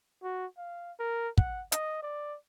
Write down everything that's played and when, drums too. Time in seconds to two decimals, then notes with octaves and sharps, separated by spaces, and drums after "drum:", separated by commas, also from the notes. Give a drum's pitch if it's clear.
0.23 F#4
0.58 F5
0.99 A#4
1.38 F#5, drum: kick
1.72 D#5, drum: hi-hat
2.03 D5